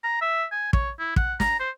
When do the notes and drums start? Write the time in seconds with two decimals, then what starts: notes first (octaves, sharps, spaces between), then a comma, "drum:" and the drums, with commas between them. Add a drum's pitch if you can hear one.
0.04 A#5
0.22 E5
0.52 G#5
0.73 C#5, drum: kick
0.99 E4
1.16 F#5, drum: kick
1.40 A#5, drum: snare
1.60 C5